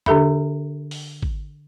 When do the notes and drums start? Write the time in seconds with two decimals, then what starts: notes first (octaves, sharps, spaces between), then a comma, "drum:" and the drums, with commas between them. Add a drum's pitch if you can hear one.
0.06 D3 D4 G4 A4 E5 B5, drum: tom E2
0.91 drum: open hi-hat
1.22 drum: kick G#1